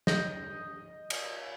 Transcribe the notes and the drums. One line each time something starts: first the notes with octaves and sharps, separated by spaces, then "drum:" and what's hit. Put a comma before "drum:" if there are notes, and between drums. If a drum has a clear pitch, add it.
D#5 G6 A#6, drum: snare
drum: cymbal